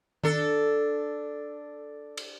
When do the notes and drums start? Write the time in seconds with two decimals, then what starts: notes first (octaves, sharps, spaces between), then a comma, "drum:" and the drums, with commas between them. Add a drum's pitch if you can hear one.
0.24 D4 A4, drum: tom D#3
2.17 drum: cymbal